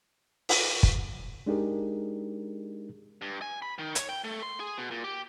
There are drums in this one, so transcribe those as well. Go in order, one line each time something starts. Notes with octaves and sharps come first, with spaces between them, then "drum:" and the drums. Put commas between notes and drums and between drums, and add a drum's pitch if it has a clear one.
drum: open hi-hat
drum: kick
G#3 D4 D#4 G4 G#4 A#4
G2
G#5
B5
D#3
C#5, drum: hi-hat
G5
A3
C6
G#4
B2
A#2
G4